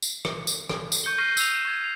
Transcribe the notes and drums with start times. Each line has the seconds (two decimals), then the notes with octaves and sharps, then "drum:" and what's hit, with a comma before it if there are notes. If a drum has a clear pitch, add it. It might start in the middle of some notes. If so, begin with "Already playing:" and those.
0.02 drum: tambourine
0.25 drum: rim click
0.47 drum: tambourine
0.69 drum: rim click
0.92 drum: tambourine
1.04 C#6 G6 C#7 G7
1.18 C#6 F6 A#6 C7 D#7 G7
1.37 E6 A#6 C7 D#7 F7, drum: tambourine
1.54 E7
1.65 C#6 G#6
1.81 C7 F7